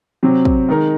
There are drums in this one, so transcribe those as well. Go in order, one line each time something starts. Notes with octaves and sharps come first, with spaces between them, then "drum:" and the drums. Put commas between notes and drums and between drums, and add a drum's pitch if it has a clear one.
C3 F#3 C4
drum: kick
D#3 G#3 D#4 A#4